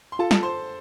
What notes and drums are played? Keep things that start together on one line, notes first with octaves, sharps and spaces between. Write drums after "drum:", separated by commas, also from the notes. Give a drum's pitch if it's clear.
C6
F4 A4 A5
A5, drum: snare
C5 C6